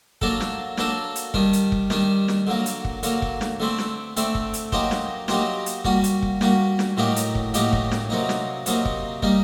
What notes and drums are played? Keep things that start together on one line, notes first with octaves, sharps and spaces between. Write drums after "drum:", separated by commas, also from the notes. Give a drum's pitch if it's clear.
F#3 A#3 D4 A4, drum: kick
drum: snare
F#3 A#3 D4 A4, drum: snare
drum: hi-hat
D#3 G3 D4, drum: kick
drum: hi-hat
drum: kick
D#3 G3 D4, drum: snare
drum: snare
D3 F#3 A#3
drum: hi-hat
drum: kick
D3 F#3 A#3, drum: hi-hat
drum: kick
drum: snare
D3 A3 C4
drum: snare
D3 A3 C4, drum: hi-hat
drum: kick
drum: hi-hat
F#3 A#3 D#4 G4 C5, drum: kick
drum: snare
F#3 A#3 D#4 G4 C5, drum: snare
drum: hi-hat
G3 A#3 F#4, drum: kick
drum: hi-hat
drum: kick
G3 A#3 F#4, drum: snare
drum: snare
A2 F#3 A#3 D#4 G4
drum: hi-hat
drum: kick
A2 F#3 A#3 D#4 G4, drum: hi-hat
drum: kick
drum: snare
C3 F#3 A#3 D#4
drum: snare
C3 F#3 A#3 D#4, drum: hi-hat
drum: kick
G3 A#3 D#4, drum: kick